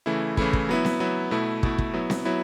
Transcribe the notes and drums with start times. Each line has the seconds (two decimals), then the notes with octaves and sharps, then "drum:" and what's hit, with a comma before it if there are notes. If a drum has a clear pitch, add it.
0.06 C#3 E3 A3 E4
0.37 C#3 E3 A3 E4, drum: kick
0.53 drum: kick
0.69 F#3 B3 E4
0.85 drum: snare C4
1.00 F#3 B3 E4
1.31 B2 A3 E4
1.63 B2 A3 E4, drum: kick
1.78 drum: kick
1.94 F#3 B3 E4
2.10 drum: snare C4
2.25 F#3 B3 E4